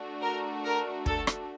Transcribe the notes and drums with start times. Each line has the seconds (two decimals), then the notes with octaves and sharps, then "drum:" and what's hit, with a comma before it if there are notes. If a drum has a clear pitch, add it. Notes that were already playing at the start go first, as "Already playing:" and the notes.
Already playing: A3 D4 F#4
0.21 A#4
0.64 A#4
1.06 A4, drum: kick
1.27 drum: rim click